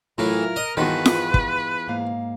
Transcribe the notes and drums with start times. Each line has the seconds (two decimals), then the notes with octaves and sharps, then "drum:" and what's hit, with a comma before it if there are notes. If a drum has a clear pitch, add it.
0.18 A2 E3 F#3 E4 F4 A#4
0.56 D#5
0.77 E2 G2 D#3 F3 F#4 B4
1.06 drum: snare F4
1.34 drum: kick
1.88 G#2 A#3 F5